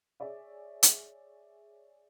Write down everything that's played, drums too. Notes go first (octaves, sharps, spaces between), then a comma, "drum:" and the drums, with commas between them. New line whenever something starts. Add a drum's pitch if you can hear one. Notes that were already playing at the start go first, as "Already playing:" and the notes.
G#4 C#5 D5 E5
drum: hi-hat